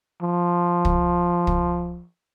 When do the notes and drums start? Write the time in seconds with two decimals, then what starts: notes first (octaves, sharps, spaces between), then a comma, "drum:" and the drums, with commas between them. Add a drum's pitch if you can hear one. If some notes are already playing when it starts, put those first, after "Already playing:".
0.22 F3
0.85 drum: kick
1.47 drum: kick